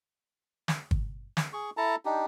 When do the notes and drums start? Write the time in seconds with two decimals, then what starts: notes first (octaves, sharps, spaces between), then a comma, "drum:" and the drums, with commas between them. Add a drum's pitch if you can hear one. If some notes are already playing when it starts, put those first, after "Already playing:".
0.68 drum: snare
0.91 drum: kick G1
1.37 drum: snare
1.53 G#4 C#6
1.77 E4 A4 A5 A#5
2.05 D4 D#4 G4